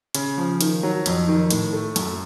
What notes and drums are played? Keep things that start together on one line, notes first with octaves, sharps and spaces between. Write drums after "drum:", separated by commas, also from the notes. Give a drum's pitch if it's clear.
C#3, drum: hi-hat
F3
D#3, drum: hi-hat
F#3
F2, drum: hi-hat
D#3
A2, drum: hi-hat
A3
F#2, drum: hi-hat